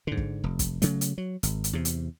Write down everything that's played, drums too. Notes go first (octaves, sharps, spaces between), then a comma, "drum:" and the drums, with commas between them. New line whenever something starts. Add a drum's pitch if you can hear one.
G#2 D3
drum: kick
F1
drum: kick, hi-hat
C#3 F#3 A3, drum: hi-hat
drum: hi-hat
F#3
G#1, drum: hi-hat
drum: hi-hat
E2 C3
drum: hi-hat